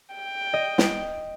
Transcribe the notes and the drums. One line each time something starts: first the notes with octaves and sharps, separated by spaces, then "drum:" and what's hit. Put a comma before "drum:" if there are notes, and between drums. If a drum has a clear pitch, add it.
G5
D#5
drum: snare